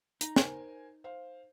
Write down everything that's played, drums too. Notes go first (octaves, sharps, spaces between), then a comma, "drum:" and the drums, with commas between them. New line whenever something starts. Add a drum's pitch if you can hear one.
D#4 A#5, drum: hi-hat
A#4 C5 G#5, drum: snare
C5 F5